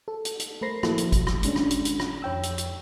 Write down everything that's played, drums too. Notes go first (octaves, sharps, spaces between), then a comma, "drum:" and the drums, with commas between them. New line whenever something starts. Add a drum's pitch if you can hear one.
A4
drum: hi-hat
drum: hi-hat
A3 A#4 C5 B5 A#6 C7
F3 A3 A#3 E4 F#4 A4, drum: rim click
drum: hi-hat
drum: kick G#1, hi-hat
drum: rim click
G#3 C#4 D4, drum: hi-hat
drum: rim click
drum: hi-hat
drum: hi-hat
drum: rim click
F2 C#5 G5 E6
drum: hi-hat
drum: hi-hat